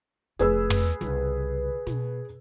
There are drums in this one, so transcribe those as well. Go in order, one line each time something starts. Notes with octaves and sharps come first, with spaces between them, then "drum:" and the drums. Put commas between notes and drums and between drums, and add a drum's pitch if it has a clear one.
F1 F2 G#4 B4 E6, drum: hi-hat
drum: tom
C2 C#3, drum: snare
B2, drum: snare